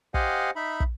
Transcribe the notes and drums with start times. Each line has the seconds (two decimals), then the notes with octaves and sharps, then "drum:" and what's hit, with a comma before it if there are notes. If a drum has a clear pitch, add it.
0.14 G4 C5 D#5 F5 F#5 G#5, drum: kick
0.56 D#4 E5 B5
0.80 drum: kick